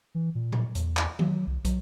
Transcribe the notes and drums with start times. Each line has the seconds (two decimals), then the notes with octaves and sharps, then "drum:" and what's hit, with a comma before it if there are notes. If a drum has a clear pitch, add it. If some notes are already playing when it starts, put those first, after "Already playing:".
0.15 E3
0.35 A#2
0.52 drum: tom A#2
0.75 E2, drum: hi-hat
0.97 drum: clap
1.19 F#3, drum: tom D#3
1.47 C2
1.65 F#3, drum: kick, hi-hat